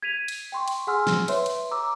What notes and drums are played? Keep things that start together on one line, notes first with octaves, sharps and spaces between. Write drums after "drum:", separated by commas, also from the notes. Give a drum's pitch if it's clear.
G#6 B6 D#7 F7
drum: cymbal
G5 C6 C#6
drum: cymbal
G#4 F#5 G#5 C6 E6 F6
drum: snare
B4 C#5 E5 C6, drum: cymbal
drum: cymbal
A#5 D6 E6